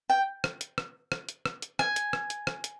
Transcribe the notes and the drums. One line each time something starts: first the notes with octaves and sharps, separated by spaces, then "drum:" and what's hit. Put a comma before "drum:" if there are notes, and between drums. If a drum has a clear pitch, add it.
G5
drum: rim click
drum: hi-hat
drum: rim click
drum: rim click
drum: hi-hat
drum: rim click
drum: hi-hat
G#5, drum: rim click
drum: hi-hat
drum: rim click
drum: hi-hat
drum: rim click
drum: hi-hat